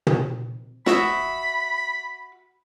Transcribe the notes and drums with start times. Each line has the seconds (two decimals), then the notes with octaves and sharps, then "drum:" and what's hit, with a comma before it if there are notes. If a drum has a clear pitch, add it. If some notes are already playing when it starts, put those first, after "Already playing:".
0.07 drum: tom
0.86 F#4 E5 B5 D#6, drum: snare